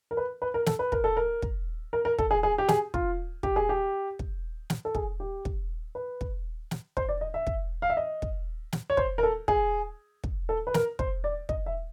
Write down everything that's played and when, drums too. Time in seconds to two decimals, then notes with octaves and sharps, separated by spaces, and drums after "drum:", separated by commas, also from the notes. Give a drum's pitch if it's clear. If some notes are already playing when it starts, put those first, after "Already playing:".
0.11 A#4
0.17 B4
0.42 B4
0.54 A#4
0.66 A4, drum: snare
0.79 B4
0.92 A#4, drum: kick
1.04 A4
1.17 A#4
1.42 drum: kick
1.93 A#4
2.05 A#4
2.19 A4, drum: kick
2.31 G#4
2.43 G#4
2.58 G4
2.69 G#4, drum: snare
2.94 F4, drum: kick
3.43 G4, drum: kick
3.56 G#4
3.69 G4
4.19 drum: kick
4.70 drum: snare
4.85 A4
4.95 G#4, drum: kick
5.20 G4
5.45 drum: kick
5.95 B4
6.21 drum: kick
6.71 drum: snare
6.97 C5, drum: kick
7.09 D5
7.21 D#5
7.34 E5
7.47 drum: kick
7.82 F5
7.90 E5
7.97 D#5
8.22 drum: kick
8.73 drum: snare
8.90 C#5
8.97 C5, drum: kick
9.18 A#4
9.23 A4
9.48 G#4, drum: kick
10.24 drum: kick
10.49 A4
10.67 B4
10.74 A#4, drum: snare
10.99 C5, drum: kick
11.24 D5
11.49 D#5, drum: kick
11.66 E5